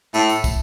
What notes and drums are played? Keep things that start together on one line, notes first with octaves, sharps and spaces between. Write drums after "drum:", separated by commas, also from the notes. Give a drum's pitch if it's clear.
A2, drum: tambourine
drum: tambourine
drum: kick, tambourine